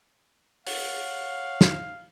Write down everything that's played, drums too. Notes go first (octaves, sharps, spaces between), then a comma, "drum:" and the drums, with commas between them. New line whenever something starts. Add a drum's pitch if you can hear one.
C#5 F5 F#5, drum: open hi-hat
drum: snare